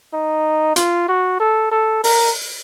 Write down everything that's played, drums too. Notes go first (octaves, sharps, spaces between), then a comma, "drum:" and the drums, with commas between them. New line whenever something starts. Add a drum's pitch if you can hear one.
D#4
F4, drum: hi-hat
F#4
A4
A4
A#4, drum: open hi-hat